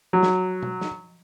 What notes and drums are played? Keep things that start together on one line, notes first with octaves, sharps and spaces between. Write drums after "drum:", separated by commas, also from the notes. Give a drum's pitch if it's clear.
F#3
drum: snare
drum: tom B2
drum: snare